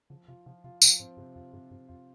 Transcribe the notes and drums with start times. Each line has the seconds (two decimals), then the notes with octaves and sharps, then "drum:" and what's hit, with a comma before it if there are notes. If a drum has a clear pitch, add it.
0.10 C#3 F3
0.28 C3 F4
0.46 C3 F3
0.64 C3 F4
0.82 A#2 F3, drum: tambourine
1.00 G#2 C4
1.17 G2 C3
1.35 F2 F4
1.53 G2 C3
1.71 G2 C3
1.88 F2 F4